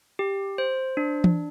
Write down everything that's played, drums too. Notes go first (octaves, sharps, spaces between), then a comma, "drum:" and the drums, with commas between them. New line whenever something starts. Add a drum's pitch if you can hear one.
G4
C5
D4
drum: tom E3